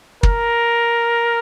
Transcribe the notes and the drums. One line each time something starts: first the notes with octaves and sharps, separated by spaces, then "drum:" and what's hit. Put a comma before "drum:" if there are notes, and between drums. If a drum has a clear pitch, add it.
A#4, drum: kick